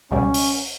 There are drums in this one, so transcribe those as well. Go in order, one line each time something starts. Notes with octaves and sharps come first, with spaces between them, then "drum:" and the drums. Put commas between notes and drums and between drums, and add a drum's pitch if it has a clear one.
C#2 B2 G3 C#4
drum: open hi-hat